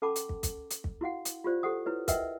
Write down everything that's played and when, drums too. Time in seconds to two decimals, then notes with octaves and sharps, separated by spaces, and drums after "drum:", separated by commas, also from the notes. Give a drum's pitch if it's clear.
0.02 C#4 A4 F#5 A5 B5 D6
0.16 drum: hi-hat
0.29 drum: kick
0.43 drum: kick, hi-hat
0.70 drum: hi-hat
0.84 drum: kick
1.01 E4 F#4 F5 F#5
1.25 drum: hi-hat
1.44 F4 G4 C5 D5
1.63 G4 A4 C5 F#5 D#6
1.86 E4 B4 C#5
2.08 A#4 B4 D#5 E5 F#5 G5, drum: kick, hi-hat